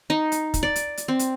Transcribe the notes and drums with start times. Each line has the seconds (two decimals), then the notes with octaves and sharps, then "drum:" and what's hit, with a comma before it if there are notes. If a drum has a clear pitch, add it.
0.10 D#4
0.32 drum: hi-hat
0.54 drum: kick, hi-hat
0.63 D5
0.76 drum: hi-hat
0.97 drum: hi-hat
1.08 C4
1.19 drum: hi-hat